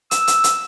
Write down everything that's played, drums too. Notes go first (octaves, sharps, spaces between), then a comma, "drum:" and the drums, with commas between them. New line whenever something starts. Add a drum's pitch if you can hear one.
E6, drum: hi-hat
drum: hi-hat
drum: hi-hat